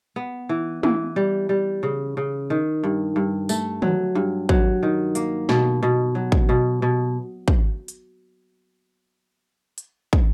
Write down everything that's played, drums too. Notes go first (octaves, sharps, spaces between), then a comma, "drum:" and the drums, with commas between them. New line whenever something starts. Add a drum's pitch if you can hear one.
B3
E3
E3, drum: tom
G3
G3
C#3
C#3
D#3
G2
G2
A3, drum: tambourine
F#3, drum: tom
G2
F#3, drum: kick
D#3
A#3, drum: hi-hat
B2, drum: snare
B2
F#3
drum: kick
B2
B2
drum: kick
drum: hi-hat
drum: hi-hat
drum: kick